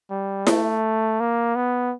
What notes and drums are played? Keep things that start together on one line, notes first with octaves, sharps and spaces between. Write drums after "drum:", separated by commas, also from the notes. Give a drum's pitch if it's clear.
G3
A3, drum: snare E4
A#3
B3